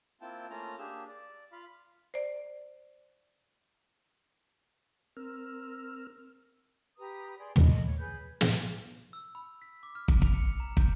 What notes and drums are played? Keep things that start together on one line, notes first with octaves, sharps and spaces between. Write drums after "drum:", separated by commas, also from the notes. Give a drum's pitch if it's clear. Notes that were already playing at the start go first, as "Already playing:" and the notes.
A#3 C4 E4 F4 G5 A5
A3 A#3 C#4 F4 A#5
A#3 D4 G4 G#4 E6
D5
F4 F5 B5
C5 D5
C4 A#4 E6 F6
G4 B4 A#5 D#6
G#4 D5 C6
A4 A#4 D#5 B5, drum: tom
C#5
G#4 B4 G6
drum: snare
E6
B5
B6
D6
F6
drum: kick
F7, drum: kick
C#7
A#5
G6, drum: kick